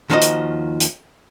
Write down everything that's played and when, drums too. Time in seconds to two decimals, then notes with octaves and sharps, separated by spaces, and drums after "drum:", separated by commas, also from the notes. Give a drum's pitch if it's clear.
0.10 D#2 D#3 F3 F#4 B4 D#5
0.21 drum: hi-hat
0.80 drum: hi-hat